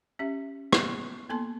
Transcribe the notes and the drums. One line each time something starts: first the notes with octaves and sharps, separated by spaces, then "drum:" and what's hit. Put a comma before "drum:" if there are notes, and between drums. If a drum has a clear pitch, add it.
C#4 G4 E5
B3, drum: rim click
A#3 B3 A4 A5 C6